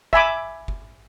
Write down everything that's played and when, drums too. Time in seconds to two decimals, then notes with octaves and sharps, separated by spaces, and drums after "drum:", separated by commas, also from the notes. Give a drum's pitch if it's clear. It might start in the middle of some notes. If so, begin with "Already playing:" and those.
0.13 E5 G#5 B5 D6, drum: kick
0.68 drum: kick